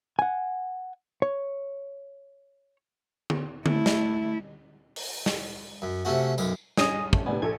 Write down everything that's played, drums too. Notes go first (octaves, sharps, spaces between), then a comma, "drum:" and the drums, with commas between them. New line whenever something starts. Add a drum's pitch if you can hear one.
F#5 G#5
C#5
drum: tom D3
A3 E4, drum: tom D3
drum: snare
drum: open hi-hat
drum: snare
F#2
C3 A3 C#4 F#4
B1 F#2, drum: tambourine
G2 C#4 G#4 D#5 D#7, drum: snare
A3, drum: kick
A2 C3 B3 D4 G#5
A#1 A4 G#6